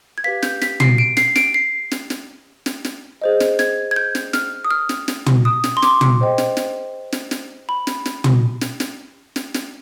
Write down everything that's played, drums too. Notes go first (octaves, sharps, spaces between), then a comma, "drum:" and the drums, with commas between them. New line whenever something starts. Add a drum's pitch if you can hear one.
G#6
G4 B4 F5 B6
G6, drum: snare
B6, drum: snare
C7, drum: tom
D7
C7, drum: snare
D7, drum: snare
C7
drum: snare
drum: snare
drum: snare
drum: snare
G#4 C5 D#5
drum: snare
G#6, drum: snare
G#6
G6
drum: snare
F6, drum: snare
D#6
F6
drum: snare
drum: snare
drum: tom
D#6
drum: snare
C6
D6, drum: snare
drum: tom
G#4 C5 D#5 G5
drum: snare
drum: snare
drum: snare
drum: snare
B5
drum: snare
drum: snare
drum: tom
drum: snare
drum: snare
drum: snare
drum: snare